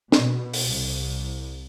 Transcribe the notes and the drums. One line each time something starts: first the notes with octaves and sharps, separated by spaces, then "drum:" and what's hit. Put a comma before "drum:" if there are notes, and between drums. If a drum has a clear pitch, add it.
B2, drum: snare
drum: open hi-hat
C2